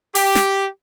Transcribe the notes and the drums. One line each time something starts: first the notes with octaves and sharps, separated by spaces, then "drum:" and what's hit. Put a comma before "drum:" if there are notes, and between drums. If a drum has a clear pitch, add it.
G4, drum: open hi-hat
drum: snare